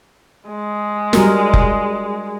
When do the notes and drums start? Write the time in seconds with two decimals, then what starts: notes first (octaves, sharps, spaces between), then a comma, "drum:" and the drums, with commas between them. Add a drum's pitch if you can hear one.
0.49 G#3
1.13 G3 F#4 A#4, drum: snare
1.53 drum: kick F1